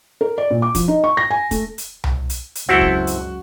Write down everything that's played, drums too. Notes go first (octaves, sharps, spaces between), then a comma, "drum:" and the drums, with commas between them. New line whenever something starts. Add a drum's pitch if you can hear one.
A#4
D5
A#2
D6
F3, drum: kick, hi-hat
D#4
C#6
A#6
G#5
A3, drum: kick, hi-hat
drum: hi-hat
drum: tom C2
drum: hi-hat
drum: hi-hat
C#2 F#2 C4 E4 F#4 A4
drum: kick
drum: hi-hat